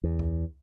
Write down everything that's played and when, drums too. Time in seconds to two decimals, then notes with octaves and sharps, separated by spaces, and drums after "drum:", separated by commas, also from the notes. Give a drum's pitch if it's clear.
0.04 E2
0.19 drum: kick C#2